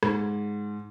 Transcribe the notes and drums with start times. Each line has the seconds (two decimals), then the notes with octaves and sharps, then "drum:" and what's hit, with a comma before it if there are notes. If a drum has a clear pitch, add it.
0.03 G#2, drum: rim click